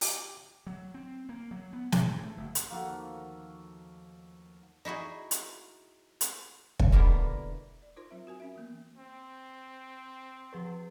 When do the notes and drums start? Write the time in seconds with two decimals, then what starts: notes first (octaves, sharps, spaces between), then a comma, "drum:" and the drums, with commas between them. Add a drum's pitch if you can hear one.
0.01 G4, drum: open hi-hat
0.67 F#3
0.94 C4
1.29 A#3
1.51 F#3
1.73 B3
1.92 G#2, drum: snare
2.08 G2
2.24 A3
2.37 F#1
2.55 drum: hi-hat
2.70 D#2 F3 A3 A#3 F#4 A4
4.85 D#4 E4 F#4 G#4
5.31 drum: hi-hat
6.21 drum: hi-hat
6.80 drum: kick
6.92 B2 D3 G3 A#3 B3 E4
7.82 D5
7.96 D#4 F4 A#4 C5 C6
8.11 F#3 C4 E5
8.27 F#4 A#4 G#5
8.40 C#4 E5
8.56 E3 A#3 B3
8.97 C4
10.53 F3 G#4 B4